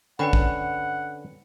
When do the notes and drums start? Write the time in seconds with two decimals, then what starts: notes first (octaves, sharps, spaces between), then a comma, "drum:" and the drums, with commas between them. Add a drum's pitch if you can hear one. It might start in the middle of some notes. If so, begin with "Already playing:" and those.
0.19 D3 C#4 B4 F#5 G5 B5
0.33 drum: kick